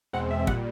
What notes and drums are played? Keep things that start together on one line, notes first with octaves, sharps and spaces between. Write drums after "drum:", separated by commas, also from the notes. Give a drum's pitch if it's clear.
E2 B2 G#3 C4 F#5
E5
A#2 G3 F#5, drum: kick